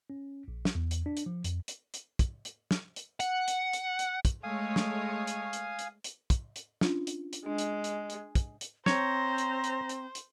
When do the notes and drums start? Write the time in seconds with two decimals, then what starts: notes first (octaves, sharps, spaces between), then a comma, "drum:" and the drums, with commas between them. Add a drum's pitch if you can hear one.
0.10 C#4
0.48 A#1
0.65 drum: snare
0.75 E2
0.91 drum: hi-hat
1.06 D4
1.17 drum: hi-hat
1.26 F3
1.44 F2, drum: hi-hat
1.68 drum: hi-hat
1.94 drum: hi-hat
2.19 drum: kick, hi-hat
2.45 drum: hi-hat
2.71 drum: snare
2.96 drum: hi-hat
3.20 F#5, drum: hi-hat
3.48 drum: hi-hat
3.73 drum: hi-hat
3.99 drum: hi-hat
4.25 drum: kick, hi-hat
4.43 G#3 A3 C#5 F5 G#5 D#6
4.76 drum: snare
5.27 drum: hi-hat
5.53 drum: hi-hat
5.79 drum: hi-hat
6.04 drum: hi-hat
6.30 drum: kick, hi-hat
6.56 drum: hi-hat
6.81 C#4 D4 F4, drum: snare
7.07 drum: hi-hat
7.33 drum: hi-hat
7.46 G#3 D4
7.58 drum: hi-hat
7.84 drum: hi-hat
8.10 drum: hi-hat
8.35 drum: kick, hi-hat
8.61 drum: hi-hat
8.86 C4 C5 C#5 A#5, drum: snare
9.38 drum: hi-hat
9.64 drum: hi-hat
9.89 drum: hi-hat
10.15 drum: hi-hat